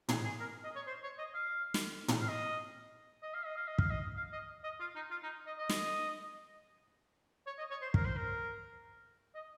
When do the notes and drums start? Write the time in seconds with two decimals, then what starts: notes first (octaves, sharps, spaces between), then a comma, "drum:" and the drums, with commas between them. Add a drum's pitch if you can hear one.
0.09 G#4, drum: tom
0.24 G#4
0.40 A#4
0.64 D#5
0.76 C#5
0.87 C5
1.03 C#5
1.18 D#5
1.34 F5
1.74 drum: snare
2.08 drum: tom
2.20 F5
2.28 D#5
3.23 D#5
3.34 F5
3.45 D#5
3.57 F5
3.67 D#5
3.78 F5, drum: kick
3.90 D#5
4.17 F5
4.32 D#5
4.64 D#5
4.80 F4
4.95 D#4
5.11 F4
5.23 D#4
5.46 D#5
5.58 D#5
5.70 drum: snare
7.46 C#5
7.58 D#5
7.70 C#5
7.82 C5
7.94 A#4, drum: kick
8.05 C5
8.16 A#4
9.35 D#5